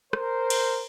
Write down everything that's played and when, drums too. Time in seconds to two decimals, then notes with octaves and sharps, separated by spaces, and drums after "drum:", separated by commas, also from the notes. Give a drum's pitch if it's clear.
0.13 A#4 C5, drum: rim click
0.50 drum: cymbal